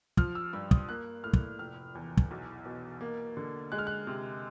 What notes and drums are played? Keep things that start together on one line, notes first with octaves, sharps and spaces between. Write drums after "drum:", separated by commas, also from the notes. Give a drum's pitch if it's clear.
F3 F6, drum: kick
E6
G2 E6
D#6, drum: kick
A#3 F#6
A2 F6
drum: kick
F1 F6
E2
drum: kick
B1
B2
A#3
D3
G#3 F#6
F6
F#6
C3